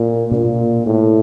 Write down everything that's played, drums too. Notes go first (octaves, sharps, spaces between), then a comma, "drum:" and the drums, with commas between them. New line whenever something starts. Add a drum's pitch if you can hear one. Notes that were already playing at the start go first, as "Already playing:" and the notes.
Already playing: A#2
A#2, drum: tom B2
A2